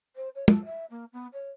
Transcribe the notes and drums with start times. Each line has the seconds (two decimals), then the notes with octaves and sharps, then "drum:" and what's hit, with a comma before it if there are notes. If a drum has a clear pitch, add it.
0.15 C5
0.35 C#5
0.48 A4, drum: tom
0.64 E5
0.90 A#3
1.12 B3
1.33 C#5